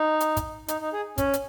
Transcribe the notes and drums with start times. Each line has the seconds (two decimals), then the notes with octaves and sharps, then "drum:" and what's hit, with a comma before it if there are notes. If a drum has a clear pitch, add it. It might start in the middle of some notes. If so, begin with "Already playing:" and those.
Already playing: D#4
0.21 drum: hi-hat
0.37 drum: kick, hi-hat
0.68 D#4, drum: hi-hat
0.81 D#4
0.93 G#4
1.18 C#4, drum: kick, hi-hat
1.34 drum: hi-hat